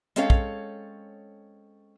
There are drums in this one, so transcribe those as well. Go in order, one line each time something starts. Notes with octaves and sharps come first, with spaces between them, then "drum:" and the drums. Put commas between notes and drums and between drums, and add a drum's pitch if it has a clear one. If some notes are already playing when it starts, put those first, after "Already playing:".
G#3 C4 C#4 A4 C#5 F5, drum: hi-hat
drum: kick